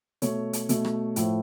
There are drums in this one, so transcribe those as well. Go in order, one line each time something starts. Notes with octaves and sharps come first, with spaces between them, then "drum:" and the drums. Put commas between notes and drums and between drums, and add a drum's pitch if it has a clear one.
B2 A3 C#5, drum: hi-hat
drum: hi-hat
B2 A3, drum: hi-hat
drum: rim click
A2 F3 A3, drum: hi-hat